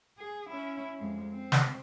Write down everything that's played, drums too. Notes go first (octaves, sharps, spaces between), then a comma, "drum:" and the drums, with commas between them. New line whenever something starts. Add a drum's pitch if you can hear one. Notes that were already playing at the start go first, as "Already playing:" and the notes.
G#4
C#4 E4
F2 G#3
C4
drum: snare